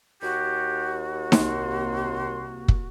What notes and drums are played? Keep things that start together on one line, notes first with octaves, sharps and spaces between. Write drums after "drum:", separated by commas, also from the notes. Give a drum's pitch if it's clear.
D#2 F#4 G4
C2 C3 A#3 C6, drum: snare D#4
drum: kick